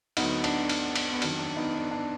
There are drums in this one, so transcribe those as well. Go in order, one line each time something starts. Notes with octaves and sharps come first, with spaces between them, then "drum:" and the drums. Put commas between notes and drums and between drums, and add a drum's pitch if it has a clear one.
D2 D3 F#3 B3 D#4, drum: cymbal
D4, drum: cymbal
drum: cymbal
drum: cymbal
B3
F2 D#3 F#3 D4, drum: cymbal
D4
B3 D#4
D4
D4